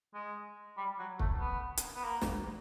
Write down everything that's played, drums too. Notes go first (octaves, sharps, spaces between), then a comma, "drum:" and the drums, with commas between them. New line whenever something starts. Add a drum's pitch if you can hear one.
G#3
G3
F#3
A3, drum: kick C#1
B3
drum: hi-hat
B3
A#3
drum: snare